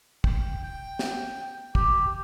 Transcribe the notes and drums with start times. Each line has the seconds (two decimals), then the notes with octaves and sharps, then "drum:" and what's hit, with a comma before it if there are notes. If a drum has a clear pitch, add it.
0.24 G5, drum: kick
0.63 G5
0.99 drum: snare
1.75 G4, drum: kick